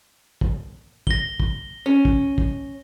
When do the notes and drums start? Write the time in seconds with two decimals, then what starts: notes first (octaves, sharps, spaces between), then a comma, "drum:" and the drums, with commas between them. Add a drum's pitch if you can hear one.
0.41 drum: kick
1.07 A#6 G7, drum: kick
1.40 drum: kick
1.86 C#4
2.05 drum: kick
2.38 drum: kick